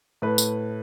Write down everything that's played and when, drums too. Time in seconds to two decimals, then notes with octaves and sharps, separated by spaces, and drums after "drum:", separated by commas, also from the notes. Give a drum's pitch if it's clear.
0.22 A2 B4
0.38 drum: tambourine